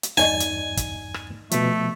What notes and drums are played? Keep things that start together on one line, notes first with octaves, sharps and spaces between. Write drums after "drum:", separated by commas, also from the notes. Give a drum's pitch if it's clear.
drum: hi-hat
E2 G2 D#4 D5 D#5 G#5
drum: hi-hat
drum: kick, hi-hat
drum: rim click
B2 F3 A3, drum: hi-hat